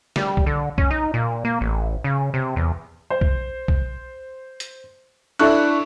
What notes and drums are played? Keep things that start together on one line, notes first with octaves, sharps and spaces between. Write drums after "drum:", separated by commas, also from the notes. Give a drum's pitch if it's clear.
G3, drum: snare
drum: kick B1
D3
C#4, drum: kick B1
D#4
A#2
A#3
A1
C#3
C3
E2
C5
drum: kick B1
drum: kick B1
drum: hi-hat
D4 E4 A4 E5 C#6 F#6, drum: cymbal